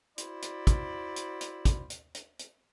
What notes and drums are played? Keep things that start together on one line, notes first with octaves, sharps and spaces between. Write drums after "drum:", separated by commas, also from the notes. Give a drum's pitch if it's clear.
E4 F#4 C5 D5 B5, drum: hi-hat
drum: hi-hat
drum: kick, hi-hat
drum: hi-hat
drum: hi-hat
drum: kick, hi-hat
drum: hi-hat
drum: hi-hat
drum: hi-hat